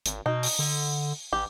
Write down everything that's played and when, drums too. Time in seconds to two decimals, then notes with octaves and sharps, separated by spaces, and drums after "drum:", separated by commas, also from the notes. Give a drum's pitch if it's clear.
0.06 G#1, drum: hi-hat
0.26 B2 D#4
0.43 drum: open hi-hat
0.59 D3
1.33 A1 G4